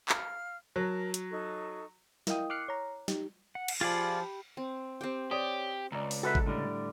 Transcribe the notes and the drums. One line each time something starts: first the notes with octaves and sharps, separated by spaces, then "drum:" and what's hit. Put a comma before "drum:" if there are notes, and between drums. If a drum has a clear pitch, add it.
F5 F6, drum: clap
F#3 A#4 A5
drum: hi-hat
D#4 A4 C#6
E4 A#4 D#5 F5 G5 D#6, drum: snare
D6 F6 F#6 C7 C#7
C#5 A#5
D#4 G4, drum: snare
F#5
drum: cymbal
F3 F4 G4 G#4 D5 B5
C4
C4 G4 G5
G4 C#5 D5 D#6
C#2 D5 A#5
drum: open hi-hat
F#4 A4 B4 E5
drum: kick G#1
A2 D3 G3